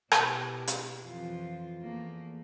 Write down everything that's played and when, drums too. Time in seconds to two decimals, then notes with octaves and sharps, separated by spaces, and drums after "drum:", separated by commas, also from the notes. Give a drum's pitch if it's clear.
0.12 B2 E4 G4, drum: rim click
0.67 drum: hi-hat
1.04 F2 E3 F4
1.80 E2 A3 A#3